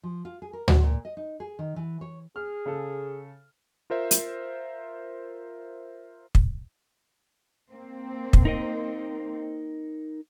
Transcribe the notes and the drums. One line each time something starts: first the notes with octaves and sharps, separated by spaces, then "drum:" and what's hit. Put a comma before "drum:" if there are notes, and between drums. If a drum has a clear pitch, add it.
F3
F4
G#4
A#4
F#4, drum: tom D2
A#2
D#5
D#4
G#4
D#3
E3
C#5
G#4 F6
C#3 A4
F4 A#4 C5 E5
drum: hi-hat
drum: kick
A#3 C4
drum: kick
D#4 A#4 D#5